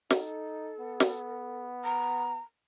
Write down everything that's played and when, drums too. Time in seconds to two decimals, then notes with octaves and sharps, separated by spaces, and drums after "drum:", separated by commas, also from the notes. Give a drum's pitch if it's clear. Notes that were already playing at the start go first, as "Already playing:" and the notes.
0.10 D#4 A4, drum: snare
0.80 B3
1.00 drum: snare
1.83 A#5